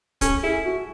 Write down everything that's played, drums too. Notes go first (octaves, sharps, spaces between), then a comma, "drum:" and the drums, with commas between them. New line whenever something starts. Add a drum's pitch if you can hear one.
C#4 A4, drum: kick, hi-hat
E4 G#4
F#4